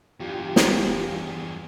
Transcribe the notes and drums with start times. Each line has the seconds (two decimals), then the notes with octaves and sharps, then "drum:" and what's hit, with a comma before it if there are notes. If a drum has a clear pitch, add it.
0.20 E2 G2 F4 G4
0.56 drum: snare